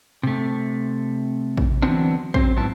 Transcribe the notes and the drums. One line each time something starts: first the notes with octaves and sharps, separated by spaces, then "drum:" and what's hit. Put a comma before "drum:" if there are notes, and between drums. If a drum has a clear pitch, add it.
C3 A3
drum: kick A1
D3 E3 F#3 B3 C4 D4
F#3 C4 C5, drum: kick A1
G#2 F#3 B3 E4 A5